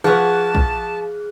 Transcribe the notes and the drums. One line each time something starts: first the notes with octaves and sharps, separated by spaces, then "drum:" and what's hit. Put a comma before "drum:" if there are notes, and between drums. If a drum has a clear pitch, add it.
F3 G#4 B4 C#5 F#5 A5 F6 F#6
drum: kick A#1